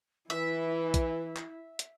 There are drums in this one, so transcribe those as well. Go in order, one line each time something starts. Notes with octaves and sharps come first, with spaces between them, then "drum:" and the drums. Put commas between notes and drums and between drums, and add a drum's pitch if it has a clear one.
E3 E4 B4 E5
drum: kick A#1, hi-hat
drum: clap
drum: hi-hat